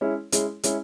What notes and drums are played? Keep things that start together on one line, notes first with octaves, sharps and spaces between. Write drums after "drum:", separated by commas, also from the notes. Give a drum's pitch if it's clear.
G#3 C#4 E4
G#3 C#4 E4, drum: hi-hat
G#3 C#4 E4, drum: hi-hat